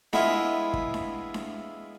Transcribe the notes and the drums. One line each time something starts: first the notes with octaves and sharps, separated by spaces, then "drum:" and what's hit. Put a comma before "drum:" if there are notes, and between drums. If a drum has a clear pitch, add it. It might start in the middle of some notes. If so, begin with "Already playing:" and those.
G#3 B3 E4 F4, drum: snare D4
drum: kick
drum: snare D4
drum: snare D4